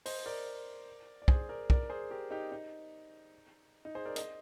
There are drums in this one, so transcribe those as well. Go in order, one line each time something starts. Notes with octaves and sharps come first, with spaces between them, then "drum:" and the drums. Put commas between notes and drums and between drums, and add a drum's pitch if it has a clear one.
C5 D#5, drum: open hi-hat
A#4 D5
D5
G#4 C5, drum: kick
A#4 D5
A#4 D5, drum: kick
G#4 C5
G4 A#4
D#4 G4
D#4
D#4
G#4 C5
A#4 D5
C5 D#5, drum: hi-hat